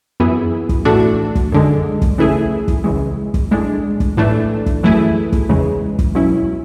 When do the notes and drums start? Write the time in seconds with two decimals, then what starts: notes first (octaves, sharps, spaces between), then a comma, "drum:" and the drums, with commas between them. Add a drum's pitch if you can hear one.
0.20 F#2 E3 B3 E4 G#4
0.69 drum: kick
0.85 A2 E3 A3 D4 F#4
1.35 drum: kick
1.52 F#2 D3 G#3
2.02 drum: kick
2.18 C#3 E3 A3 E4 G#4
2.68 drum: kick
2.84 C#2 C#3 E3 G#3
3.34 drum: kick
3.51 A2 G#3 D4
4.00 drum: kick
4.17 A2 E3 A3 D4
4.66 drum: kick
4.83 F#2 E3 A3 E4 G#4
5.32 drum: kick
5.49 E2 C#3 E3 G#3
5.99 drum: kick
6.15 B2 F#3 C#4 E4